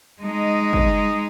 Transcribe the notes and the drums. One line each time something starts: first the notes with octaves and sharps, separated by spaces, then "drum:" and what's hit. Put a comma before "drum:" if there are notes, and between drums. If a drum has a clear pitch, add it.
G#3 D#4
drum: kick G1